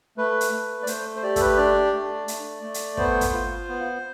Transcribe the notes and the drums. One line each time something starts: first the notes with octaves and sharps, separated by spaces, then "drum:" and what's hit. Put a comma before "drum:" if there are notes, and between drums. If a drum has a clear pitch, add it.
A3 B4
drum: hi-hat
A3
D5
A3 C5, drum: hi-hat
C5
G4 D5
A4, drum: kick, hi-hat
B4
D4 D5
A3
A3, drum: hi-hat
A3
drum: hi-hat
B3 C5, drum: kick
drum: kick, hi-hat
F4
B3